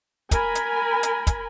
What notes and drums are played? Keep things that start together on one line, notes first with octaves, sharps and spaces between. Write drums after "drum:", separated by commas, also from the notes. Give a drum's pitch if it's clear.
A#4 G#5 B5, drum: kick, hi-hat
drum: hi-hat
drum: hi-hat
drum: kick, hi-hat